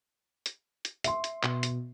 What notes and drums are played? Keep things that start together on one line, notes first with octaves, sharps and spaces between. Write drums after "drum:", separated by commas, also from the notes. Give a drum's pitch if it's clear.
drum: hi-hat
drum: hi-hat
E5 C6, drum: hi-hat
drum: hi-hat
B2, drum: clap
drum: hi-hat